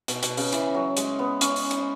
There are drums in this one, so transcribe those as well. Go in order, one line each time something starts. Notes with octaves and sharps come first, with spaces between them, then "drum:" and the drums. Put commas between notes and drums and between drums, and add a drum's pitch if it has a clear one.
B2, drum: hi-hat
B2, drum: hi-hat
C#3, drum: open hi-hat
E3, drum: hi-hat
F#3
G#3, drum: hi-hat
B3
C#4, drum: hi-hat
drum: open hi-hat
drum: hi-hat